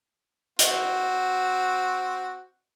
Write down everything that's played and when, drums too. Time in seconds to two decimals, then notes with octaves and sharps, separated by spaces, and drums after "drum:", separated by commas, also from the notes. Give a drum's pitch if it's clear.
0.59 C4 F#4, drum: hi-hat